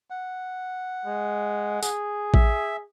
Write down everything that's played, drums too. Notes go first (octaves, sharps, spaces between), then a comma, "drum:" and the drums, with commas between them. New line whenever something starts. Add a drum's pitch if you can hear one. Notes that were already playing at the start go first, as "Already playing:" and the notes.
F#5
G#3
G#4, drum: tambourine
E5, drum: kick